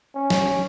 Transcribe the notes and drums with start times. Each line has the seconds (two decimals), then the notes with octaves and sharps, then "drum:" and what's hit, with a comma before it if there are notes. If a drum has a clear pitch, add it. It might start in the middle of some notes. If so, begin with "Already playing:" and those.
0.15 C#4
0.30 drum: snare